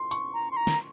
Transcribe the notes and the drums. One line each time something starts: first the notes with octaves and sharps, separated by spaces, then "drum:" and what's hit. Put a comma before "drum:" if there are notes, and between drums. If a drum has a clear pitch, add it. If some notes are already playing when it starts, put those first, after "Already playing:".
Already playing: C6
C#6, drum: hi-hat
A#5
C6
A#5
drum: snare